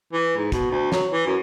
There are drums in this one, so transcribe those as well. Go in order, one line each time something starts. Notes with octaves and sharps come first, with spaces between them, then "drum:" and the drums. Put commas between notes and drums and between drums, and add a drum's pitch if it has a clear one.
E3
G#2
B2, drum: kick, hi-hat
D2
F#3, drum: snare
E3
F#2